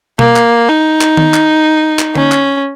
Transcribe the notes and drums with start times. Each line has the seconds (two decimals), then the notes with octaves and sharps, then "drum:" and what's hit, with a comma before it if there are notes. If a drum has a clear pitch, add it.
0.19 A#3, drum: tom B2
0.36 drum: clap
0.68 D#4
1.01 drum: clap
1.17 drum: tom D#3
1.34 drum: clap
1.99 drum: clap
2.15 C#4, drum: tom D3
2.32 drum: clap